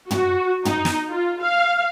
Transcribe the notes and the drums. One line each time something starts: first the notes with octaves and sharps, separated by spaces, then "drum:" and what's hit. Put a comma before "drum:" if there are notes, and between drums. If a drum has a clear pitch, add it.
F#4, drum: tom
D#4, drum: tom
drum: snare
F4
F5